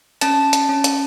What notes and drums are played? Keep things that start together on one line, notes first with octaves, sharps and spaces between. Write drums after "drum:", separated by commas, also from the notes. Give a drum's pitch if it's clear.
C#4 A5 A6, drum: hi-hat
drum: hi-hat
C#4
drum: hi-hat